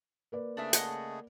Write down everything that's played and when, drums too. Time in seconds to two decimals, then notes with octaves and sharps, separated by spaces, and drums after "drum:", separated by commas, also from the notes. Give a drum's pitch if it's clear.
0.32 A#3 B4 D5
0.57 C#3 A3 D4 E4 G#4 E5
0.73 D#5 F#5 A5, drum: hi-hat